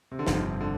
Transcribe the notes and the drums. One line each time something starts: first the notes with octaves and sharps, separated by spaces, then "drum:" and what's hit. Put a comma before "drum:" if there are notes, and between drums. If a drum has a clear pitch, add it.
C3
D3
G1 F2 C3 F3, drum: snare
D3